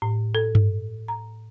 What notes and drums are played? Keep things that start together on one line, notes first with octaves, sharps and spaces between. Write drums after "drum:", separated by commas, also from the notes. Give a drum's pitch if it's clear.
A2
A4
drum: tom G2
A#5